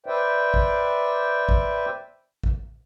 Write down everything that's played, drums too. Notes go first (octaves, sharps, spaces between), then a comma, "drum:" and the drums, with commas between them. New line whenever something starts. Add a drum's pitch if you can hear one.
B4 C5 D5 E5 G5
drum: kick
drum: kick
drum: kick